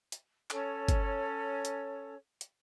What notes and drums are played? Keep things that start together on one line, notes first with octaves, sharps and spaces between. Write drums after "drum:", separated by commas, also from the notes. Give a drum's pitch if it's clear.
drum: hi-hat
C#4 A4 C#5, drum: clap
drum: kick G1, hi-hat
drum: hi-hat
drum: hi-hat